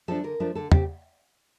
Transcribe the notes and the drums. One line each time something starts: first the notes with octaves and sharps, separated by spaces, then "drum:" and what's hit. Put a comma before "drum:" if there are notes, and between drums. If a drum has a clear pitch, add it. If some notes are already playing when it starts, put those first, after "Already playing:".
F3 A3 D4 A4
D3 A#4
F3 A3 D4
D3 A4
A3 C4 G4, drum: tom